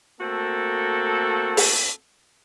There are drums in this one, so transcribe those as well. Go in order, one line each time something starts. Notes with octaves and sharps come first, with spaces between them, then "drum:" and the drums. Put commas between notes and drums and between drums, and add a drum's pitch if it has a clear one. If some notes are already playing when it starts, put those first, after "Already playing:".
A3 A#3 C4 F#4 A4
drum: open hi-hat